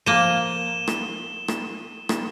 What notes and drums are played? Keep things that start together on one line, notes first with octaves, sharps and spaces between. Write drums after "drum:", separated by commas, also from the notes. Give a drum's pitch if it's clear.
F3 A#3 D#7 E7 G7
drum: rim click
drum: rim click
drum: rim click